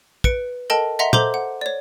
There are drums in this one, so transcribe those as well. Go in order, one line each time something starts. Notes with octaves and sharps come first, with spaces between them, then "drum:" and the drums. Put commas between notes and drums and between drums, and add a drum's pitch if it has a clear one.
B4 C#7 D7, drum: kick
A4 A#4 D#5 G5 A5
D#5 E5 F#5 A#5 C6 B6
A4 C5 A#5 C6 D6 G6, drum: tom
F#5
C#5 D5